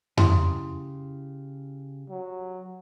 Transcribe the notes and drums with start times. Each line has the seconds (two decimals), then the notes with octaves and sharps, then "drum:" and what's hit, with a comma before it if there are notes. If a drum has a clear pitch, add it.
0.17 C#3 E4 G4 C6 D#6, drum: tom F2
2.09 F#3